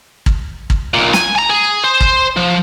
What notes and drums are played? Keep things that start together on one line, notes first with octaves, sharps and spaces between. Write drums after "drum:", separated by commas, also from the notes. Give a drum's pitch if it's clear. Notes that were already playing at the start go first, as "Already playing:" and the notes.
drum: kick
drum: kick
B1 A#2
G#5, drum: snare
G#5 A#5
G#4
C5
drum: kick
F3